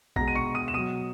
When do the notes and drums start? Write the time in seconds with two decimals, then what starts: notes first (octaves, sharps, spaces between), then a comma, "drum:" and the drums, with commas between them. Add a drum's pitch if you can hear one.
0.16 B2 G#3 A#5 A#6, drum: kick A#1
0.28 D#7
0.35 C#6 C#7
0.55 D#6 D#7
0.68 E7
0.73 B2 F#3 D#6 D#7